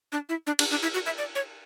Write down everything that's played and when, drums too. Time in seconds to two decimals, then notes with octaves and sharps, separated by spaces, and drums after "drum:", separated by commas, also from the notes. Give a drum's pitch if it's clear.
0.12 D4
0.29 E4
0.47 D4
0.59 D4, drum: cymbal
0.71 D4
0.82 E4
0.94 F#4
1.06 E5
1.18 D5
1.35 C#5